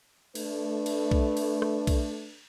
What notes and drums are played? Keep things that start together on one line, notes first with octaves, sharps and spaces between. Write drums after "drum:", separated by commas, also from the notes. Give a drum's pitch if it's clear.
A3 D4 B4, drum: cymbal
drum: cymbal
drum: kick B1
drum: cymbal
drum: rim click
drum: kick B1, cymbal